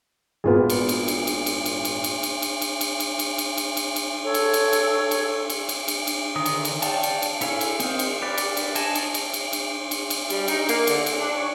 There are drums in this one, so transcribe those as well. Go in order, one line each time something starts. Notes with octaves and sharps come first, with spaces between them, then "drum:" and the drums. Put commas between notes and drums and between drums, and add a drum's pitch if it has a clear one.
G#1 A#2 B3 F4 G#4
drum: cymbal
drum: cymbal
drum: cymbal
drum: cymbal
drum: cymbal
drum: cymbal
drum: cymbal
drum: cymbal
drum: cymbal
drum: cymbal
drum: cymbal
drum: cymbal
drum: cymbal
drum: cymbal
drum: cymbal
drum: cymbal
drum: cymbal
drum: cymbal
A4 C#5
drum: cymbal
drum: cymbal
drum: cymbal
drum: cymbal
drum: cymbal
drum: cymbal
drum: cymbal
drum: cymbal
D3 D#3 D#6
drum: cymbal
drum: cymbal
C#5 D5 F5 G5 A5, drum: cymbal
drum: cymbal
drum: cymbal
E4 A4 C#5 F5 G#5, drum: cymbal
drum: cymbal
C4 D#4 A#4 C5, drum: cymbal
drum: cymbal
G4 A#4 B4 D5
drum: cymbal
drum: cymbal
D#5 G#5 A5, drum: cymbal
drum: cymbal
drum: cymbal
drum: cymbal
drum: cymbal
drum: cymbal
drum: cymbal
G3, drum: cymbal
D#4, drum: cymbal
A#3, drum: cymbal
D3, drum: cymbal
drum: cymbal
D4
C#5